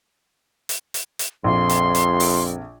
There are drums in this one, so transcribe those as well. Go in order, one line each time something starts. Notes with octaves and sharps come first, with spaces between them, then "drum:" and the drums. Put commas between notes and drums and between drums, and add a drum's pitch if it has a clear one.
drum: hi-hat
drum: hi-hat
drum: hi-hat
A#1 F2 F4 C6
drum: hi-hat
drum: hi-hat
drum: open hi-hat